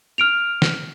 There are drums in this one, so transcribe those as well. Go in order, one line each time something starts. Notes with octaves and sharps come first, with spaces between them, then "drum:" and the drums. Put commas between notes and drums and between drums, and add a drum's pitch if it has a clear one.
F6 D7 F7
drum: snare